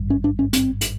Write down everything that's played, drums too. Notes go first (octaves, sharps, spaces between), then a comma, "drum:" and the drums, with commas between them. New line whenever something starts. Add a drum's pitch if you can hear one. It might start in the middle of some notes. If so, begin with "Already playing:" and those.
Already playing: G#1 G2
C#4
D4
C#4
C4, drum: hi-hat
drum: hi-hat